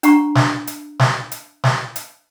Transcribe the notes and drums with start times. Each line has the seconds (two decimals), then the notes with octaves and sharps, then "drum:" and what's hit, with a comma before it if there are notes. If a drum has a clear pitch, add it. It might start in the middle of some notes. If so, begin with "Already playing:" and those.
0.03 D4 F#5 A#5 C#6, drum: hi-hat
0.35 drum: snare
0.67 drum: hi-hat
0.99 drum: snare
1.32 drum: hi-hat
1.64 drum: snare
1.96 drum: hi-hat